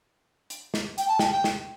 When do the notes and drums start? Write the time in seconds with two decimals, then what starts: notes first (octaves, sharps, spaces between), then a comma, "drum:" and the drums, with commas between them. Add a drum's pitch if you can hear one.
0.50 drum: hi-hat
0.74 drum: snare
0.98 G5, drum: hi-hat
1.08 A5
1.19 G5, drum: snare
1.32 G5
1.44 drum: snare